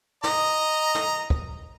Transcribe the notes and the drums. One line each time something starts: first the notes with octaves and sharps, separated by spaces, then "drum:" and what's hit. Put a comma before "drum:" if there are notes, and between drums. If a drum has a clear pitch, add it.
D#5 A#5, drum: snare
drum: snare
drum: kick